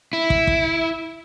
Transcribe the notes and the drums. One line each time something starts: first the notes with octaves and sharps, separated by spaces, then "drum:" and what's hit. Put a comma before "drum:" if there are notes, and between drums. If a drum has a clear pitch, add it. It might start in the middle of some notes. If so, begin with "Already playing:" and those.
E4
drum: kick
drum: kick